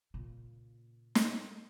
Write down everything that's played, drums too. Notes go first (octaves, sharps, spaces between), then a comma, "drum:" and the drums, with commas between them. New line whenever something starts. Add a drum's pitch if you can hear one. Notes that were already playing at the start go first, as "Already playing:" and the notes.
A#2 C#3
drum: snare